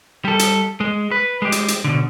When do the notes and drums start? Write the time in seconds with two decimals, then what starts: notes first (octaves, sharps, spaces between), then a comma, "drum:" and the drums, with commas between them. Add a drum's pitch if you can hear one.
0.25 G3 A4
0.39 drum: hi-hat
0.80 G#3
1.11 B4
1.42 G#3 G4
1.52 drum: hi-hat
1.68 drum: hi-hat
1.84 B2 D3